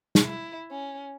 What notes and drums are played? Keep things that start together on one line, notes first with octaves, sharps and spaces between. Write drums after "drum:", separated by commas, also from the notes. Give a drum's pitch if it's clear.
drum: snare
E4
C#4